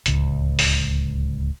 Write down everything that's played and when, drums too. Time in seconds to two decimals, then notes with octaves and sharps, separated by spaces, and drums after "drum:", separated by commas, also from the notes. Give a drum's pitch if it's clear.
0.06 D1 C#2, drum: hi-hat
0.59 drum: open hi-hat